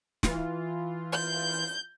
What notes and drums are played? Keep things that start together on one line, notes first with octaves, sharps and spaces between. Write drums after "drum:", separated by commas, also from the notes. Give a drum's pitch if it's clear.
E3 F4, drum: snare
G6